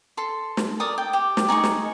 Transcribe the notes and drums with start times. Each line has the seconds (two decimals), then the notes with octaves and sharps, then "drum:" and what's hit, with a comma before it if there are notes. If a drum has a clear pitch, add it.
0.17 A4 C6
0.57 drum: snare
0.80 A4 A#4 D5 D#6
0.98 G5
1.13 G4
1.37 drum: snare
1.49 D#4 G#4 D#5 C#6
1.64 drum: snare